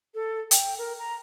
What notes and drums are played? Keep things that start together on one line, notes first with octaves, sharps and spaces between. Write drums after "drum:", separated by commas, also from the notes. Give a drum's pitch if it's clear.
A4
G5, drum: hi-hat
A#4
A#5